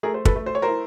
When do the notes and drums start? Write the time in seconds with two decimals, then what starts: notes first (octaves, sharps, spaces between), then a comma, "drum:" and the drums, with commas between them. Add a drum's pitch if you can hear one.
0.03 A3 G#4 A#4
0.14 C5
0.25 A4 B4, drum: kick
0.36 A3
0.46 C5
0.55 C#5
0.62 A#4 C5
0.68 E4